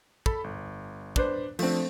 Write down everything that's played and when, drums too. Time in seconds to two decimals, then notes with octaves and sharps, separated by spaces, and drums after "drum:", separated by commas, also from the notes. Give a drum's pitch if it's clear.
0.26 A4 B5, drum: kick
0.44 G1
1.16 D4 B4 C5, drum: kick
1.59 F3 A3 C4 D4, drum: cymbal